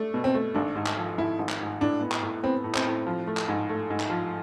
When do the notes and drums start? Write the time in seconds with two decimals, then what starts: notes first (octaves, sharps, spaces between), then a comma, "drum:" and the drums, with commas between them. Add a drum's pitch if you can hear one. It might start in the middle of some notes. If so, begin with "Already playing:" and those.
Already playing: A3 D4
0.14 B2
0.24 C4
0.34 A3
0.54 G#1 D4
0.75 G#2
0.86 drum: clap
0.97 F3
1.18 G#1 E4
1.39 G#1
1.49 drum: clap
1.60 G#2
1.80 A2 D4
2.01 B3
2.12 drum: clap
2.23 A2
2.43 B3 C4
2.64 A2
2.75 C4, drum: clap
2.86 A2
3.07 F3
3.27 A3
3.37 drum: clap
3.48 G#2
3.69 A3
3.90 G#2
4.00 drum: clap
4.10 F3